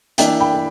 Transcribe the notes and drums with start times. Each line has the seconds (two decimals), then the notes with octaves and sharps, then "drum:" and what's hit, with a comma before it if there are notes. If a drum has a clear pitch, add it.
0.18 E3 A#3 D4 E5 G5, drum: hi-hat
0.40 G5 B5